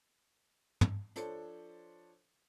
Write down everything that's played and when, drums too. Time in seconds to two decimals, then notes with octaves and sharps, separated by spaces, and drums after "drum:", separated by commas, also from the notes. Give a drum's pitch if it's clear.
0.81 drum: tom
1.16 F3 D4 A4 C5 C#5, drum: hi-hat